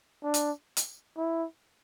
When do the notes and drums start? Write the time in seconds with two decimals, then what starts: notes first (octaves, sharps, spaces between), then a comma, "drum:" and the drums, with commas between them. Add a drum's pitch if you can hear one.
0.23 D4
0.34 drum: hi-hat
0.77 drum: hi-hat
1.17 E4